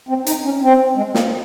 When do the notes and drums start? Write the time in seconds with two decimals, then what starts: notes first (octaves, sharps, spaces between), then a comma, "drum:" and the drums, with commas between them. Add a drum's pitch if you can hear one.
0.09 C4
0.27 D#4, drum: hi-hat
0.45 C#4
0.63 C4
0.97 G#3
1.14 A#3, drum: snare